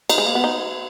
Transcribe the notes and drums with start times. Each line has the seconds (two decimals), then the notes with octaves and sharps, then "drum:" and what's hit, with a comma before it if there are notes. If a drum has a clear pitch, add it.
0.10 D#4, drum: cymbal
0.18 G#3
0.27 A#3
0.35 B3
0.44 D#4